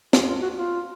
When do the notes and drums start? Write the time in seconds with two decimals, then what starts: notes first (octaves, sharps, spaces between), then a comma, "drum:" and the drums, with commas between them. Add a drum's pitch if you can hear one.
0.13 F4, drum: snare
0.29 F4
0.42 F#4
0.58 F4